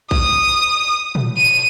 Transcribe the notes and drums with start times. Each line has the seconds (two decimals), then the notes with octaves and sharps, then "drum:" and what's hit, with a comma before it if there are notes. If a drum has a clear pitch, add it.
0.11 D#6, drum: kick A#1
1.15 drum: tom
1.37 D#7